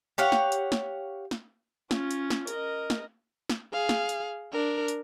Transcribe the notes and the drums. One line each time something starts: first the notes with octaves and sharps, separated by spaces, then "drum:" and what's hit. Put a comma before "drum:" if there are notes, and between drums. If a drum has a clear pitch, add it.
G4 C#5 F5 F#5
drum: snare
drum: hi-hat
drum: snare
drum: snare
C#4 F4, drum: snare
drum: hi-hat
drum: snare
A#4 D#5, drum: hi-hat
drum: snare
drum: snare
G#4 F5
drum: snare
drum: hi-hat
D4 A#4
drum: hi-hat